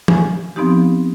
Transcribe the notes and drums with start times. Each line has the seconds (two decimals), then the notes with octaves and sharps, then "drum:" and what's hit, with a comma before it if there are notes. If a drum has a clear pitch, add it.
0.08 G#5, drum: tom E3
0.56 F3 B3 C4 D#4 G4